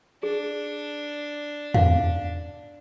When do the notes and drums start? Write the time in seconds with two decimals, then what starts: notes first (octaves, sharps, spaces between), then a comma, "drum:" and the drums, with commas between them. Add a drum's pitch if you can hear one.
0.23 D4 G#4
1.74 F5, drum: tom E2